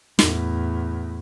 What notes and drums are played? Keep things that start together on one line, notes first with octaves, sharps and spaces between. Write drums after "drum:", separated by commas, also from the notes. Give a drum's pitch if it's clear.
E2 A2, drum: snare